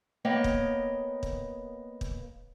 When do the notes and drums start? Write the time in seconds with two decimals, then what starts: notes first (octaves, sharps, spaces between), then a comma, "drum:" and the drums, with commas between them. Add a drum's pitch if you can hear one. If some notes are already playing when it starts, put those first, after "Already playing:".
0.25 A#3 B3 C#5 D#5 G5
0.44 drum: kick
1.23 drum: kick
2.01 drum: kick